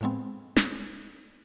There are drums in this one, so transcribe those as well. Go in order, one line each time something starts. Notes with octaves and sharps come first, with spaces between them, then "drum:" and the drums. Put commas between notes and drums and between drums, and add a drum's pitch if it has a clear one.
A2 F3 G#3 B3 C4
drum: snare